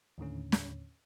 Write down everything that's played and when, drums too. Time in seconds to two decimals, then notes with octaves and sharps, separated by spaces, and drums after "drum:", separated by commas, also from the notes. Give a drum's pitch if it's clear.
0.18 D#2 A2 D3 C#4
0.52 drum: snare